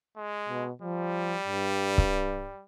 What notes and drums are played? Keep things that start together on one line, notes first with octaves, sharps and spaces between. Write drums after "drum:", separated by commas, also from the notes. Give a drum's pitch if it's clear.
G#3
B2
F3 G3
G2
drum: kick C#1